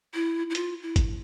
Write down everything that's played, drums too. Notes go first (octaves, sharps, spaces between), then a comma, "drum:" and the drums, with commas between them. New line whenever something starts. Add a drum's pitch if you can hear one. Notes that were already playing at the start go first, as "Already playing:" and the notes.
E4
E4
F4, drum: hi-hat
E4
drum: kick G#1, hi-hat